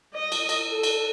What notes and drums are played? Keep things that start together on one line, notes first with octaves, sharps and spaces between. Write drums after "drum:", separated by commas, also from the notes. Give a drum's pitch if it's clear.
D#5
drum: cymbal
drum: cymbal
A4
drum: cymbal